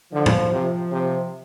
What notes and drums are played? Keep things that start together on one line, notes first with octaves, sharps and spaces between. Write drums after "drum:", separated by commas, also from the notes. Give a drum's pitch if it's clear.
D3 F3
drum: tom A2
C3 F3
C3